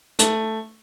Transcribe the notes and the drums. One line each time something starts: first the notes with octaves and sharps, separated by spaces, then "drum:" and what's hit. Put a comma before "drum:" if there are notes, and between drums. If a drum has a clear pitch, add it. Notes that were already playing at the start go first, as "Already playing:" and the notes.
A3, drum: hi-hat